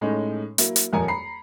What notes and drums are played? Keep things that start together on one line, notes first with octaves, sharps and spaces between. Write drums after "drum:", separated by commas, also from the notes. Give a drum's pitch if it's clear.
A2 G#3 A3 C#4 D#4
F#3 A#3 E4, drum: hi-hat
drum: hi-hat
D#1 F2 A#4 G#5 A#5 C#7
A#5 B5 C7